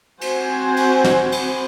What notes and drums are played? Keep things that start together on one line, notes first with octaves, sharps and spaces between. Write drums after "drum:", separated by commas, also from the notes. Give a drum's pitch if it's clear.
C4 F#4 C5 G#5, drum: cymbal
drum: cymbal
drum: snare
drum: cymbal